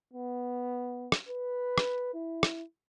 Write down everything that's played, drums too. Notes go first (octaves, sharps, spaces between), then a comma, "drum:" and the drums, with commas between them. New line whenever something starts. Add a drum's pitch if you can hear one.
B3
drum: rim click
B4
drum: rim click
E4
drum: rim click